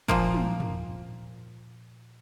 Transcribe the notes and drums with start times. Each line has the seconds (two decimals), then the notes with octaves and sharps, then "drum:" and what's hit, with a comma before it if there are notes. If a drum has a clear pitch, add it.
0.08 A#2 F3 A#3, drum: kick
0.34 drum: tom
0.60 drum: tom